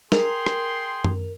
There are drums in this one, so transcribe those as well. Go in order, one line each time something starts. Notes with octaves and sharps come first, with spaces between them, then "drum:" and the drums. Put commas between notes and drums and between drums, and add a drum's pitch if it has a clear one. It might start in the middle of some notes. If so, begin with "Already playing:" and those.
G#4 A#4 G5 C6, drum: snare
drum: rim click
drum: tom F#2